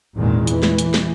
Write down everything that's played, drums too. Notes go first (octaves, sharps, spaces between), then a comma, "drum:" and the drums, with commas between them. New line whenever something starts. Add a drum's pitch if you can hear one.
G#1 E2 A#2 D#3 G#3
E3, drum: hi-hat
drum: snare
drum: hi-hat
drum: snare